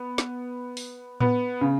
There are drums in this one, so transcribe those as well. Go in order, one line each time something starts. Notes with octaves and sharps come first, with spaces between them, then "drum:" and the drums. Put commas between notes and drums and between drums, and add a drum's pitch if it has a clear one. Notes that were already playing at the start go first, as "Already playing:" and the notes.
Already playing: B3
drum: snare
drum: open hi-hat
B3, drum: tom A2
C#3